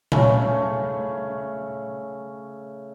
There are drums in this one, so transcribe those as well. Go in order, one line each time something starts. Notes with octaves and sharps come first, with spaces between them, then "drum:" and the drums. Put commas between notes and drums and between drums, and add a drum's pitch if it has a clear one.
C#3 A3 C#4, drum: tom A#2